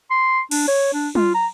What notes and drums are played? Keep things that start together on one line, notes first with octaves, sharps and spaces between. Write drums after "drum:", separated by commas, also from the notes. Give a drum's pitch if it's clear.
C6
D4, drum: cymbal
C#5
D4
F4, drum: tom
A#5